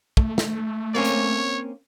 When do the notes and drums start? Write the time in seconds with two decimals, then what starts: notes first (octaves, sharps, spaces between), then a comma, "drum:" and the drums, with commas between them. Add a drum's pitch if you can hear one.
0.17 A3, drum: kick
0.38 drum: snare
0.95 A#3 C4 C#4 C#5
1.05 drum: hi-hat